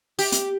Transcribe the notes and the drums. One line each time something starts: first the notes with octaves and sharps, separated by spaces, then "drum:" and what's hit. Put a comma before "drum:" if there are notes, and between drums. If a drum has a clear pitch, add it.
G4, drum: open hi-hat
drum: hi-hat